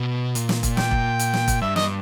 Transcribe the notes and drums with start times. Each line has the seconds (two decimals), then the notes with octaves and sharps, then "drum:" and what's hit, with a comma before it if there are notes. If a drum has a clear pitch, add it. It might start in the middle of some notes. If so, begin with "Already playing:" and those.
Already playing: B2
0.35 A#2, drum: hi-hat
0.49 drum: snare
0.63 drum: kick E1, hi-hat
0.77 G5, drum: snare
0.91 drum: kick E1
1.19 drum: hi-hat
1.34 drum: snare
1.48 drum: kick E1, hi-hat
1.61 G2 E5
1.76 D#5, drum: snare